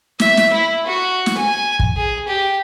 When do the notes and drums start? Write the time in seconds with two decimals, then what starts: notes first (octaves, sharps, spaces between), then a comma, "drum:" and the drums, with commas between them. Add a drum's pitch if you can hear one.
0.20 E5, drum: snare
0.37 drum: snare
0.53 E4
0.86 F#4
1.26 drum: snare
1.37 G#5
1.79 drum: kick
1.96 G#4
2.28 G4